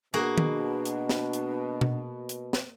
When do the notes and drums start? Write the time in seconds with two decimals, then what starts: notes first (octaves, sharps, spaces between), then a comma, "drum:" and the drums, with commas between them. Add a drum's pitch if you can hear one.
0.14 B2 A#3 D4 F#4 G#4
0.38 drum: tom D#3
0.85 drum: hi-hat
1.09 drum: snare
1.33 drum: hi-hat
1.81 drum: tom B2
2.29 drum: hi-hat
2.53 drum: snare